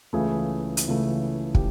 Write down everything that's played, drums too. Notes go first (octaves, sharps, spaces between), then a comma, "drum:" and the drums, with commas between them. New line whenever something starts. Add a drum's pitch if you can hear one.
C#2 C#3 E3 A3 G#4
drum: hi-hat
C#2 C#3 E3 A3
G4, drum: kick